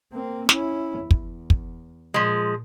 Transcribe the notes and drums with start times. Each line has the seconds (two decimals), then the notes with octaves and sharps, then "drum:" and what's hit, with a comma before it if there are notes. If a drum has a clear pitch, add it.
0.12 A#3 C4
0.49 C#4 E4, drum: snare
1.01 E2
1.11 drum: kick
1.50 drum: kick
2.14 A#2 F3 G#3